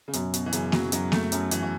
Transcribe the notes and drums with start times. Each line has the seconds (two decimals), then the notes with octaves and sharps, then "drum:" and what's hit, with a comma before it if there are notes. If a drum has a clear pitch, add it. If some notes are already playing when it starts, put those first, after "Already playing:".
0.08 C#3
0.13 F#2 B2, drum: hi-hat
0.34 B2, drum: hi-hat
0.46 E3
0.53 F#2 C#3, drum: hi-hat
0.72 F#3, drum: snare A#3
0.92 F#2 F#3, drum: hi-hat
1.12 A3, drum: snare A#3
1.32 F#2 A3, drum: hi-hat
1.51 E3, drum: hi-hat
1.63 E3